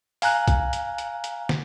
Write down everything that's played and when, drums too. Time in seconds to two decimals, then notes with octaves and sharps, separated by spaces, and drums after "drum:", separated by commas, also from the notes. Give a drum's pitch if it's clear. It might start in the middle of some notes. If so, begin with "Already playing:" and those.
0.22 F5 G#5 A#5 F#6, drum: open hi-hat
0.48 drum: kick, hi-hat
0.73 drum: hi-hat
0.98 drum: hi-hat
1.24 drum: hi-hat
1.49 drum: snare